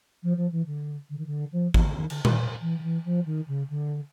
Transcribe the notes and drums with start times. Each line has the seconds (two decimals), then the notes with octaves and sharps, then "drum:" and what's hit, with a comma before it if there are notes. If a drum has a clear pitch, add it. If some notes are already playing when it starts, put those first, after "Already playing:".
0.23 F3
0.37 F3
0.52 E3
0.66 D3
1.10 D3
1.18 D#3
1.26 D3
1.52 F3
1.74 E3, drum: kick G#1
1.85 D3
1.96 D#3
2.10 D3, drum: cymbal
2.25 D#3, drum: tom A#2
2.61 E3
2.78 D#3
2.83 E3
3.04 F3
3.25 D#3
3.47 C#3
3.69 D3